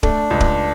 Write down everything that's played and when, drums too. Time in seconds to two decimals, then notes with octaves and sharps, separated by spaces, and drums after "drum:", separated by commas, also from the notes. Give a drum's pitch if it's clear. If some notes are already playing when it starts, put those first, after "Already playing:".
0.03 A3 D4, drum: kick D1
0.31 C#2
0.40 drum: kick D1